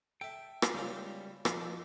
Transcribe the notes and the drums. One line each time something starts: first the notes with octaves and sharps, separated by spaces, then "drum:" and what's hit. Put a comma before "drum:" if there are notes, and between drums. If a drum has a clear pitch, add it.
A4 E5 G5
drum: rim click
C#3 G3 G#3 F4 C5
F2 F3 A5, drum: rim click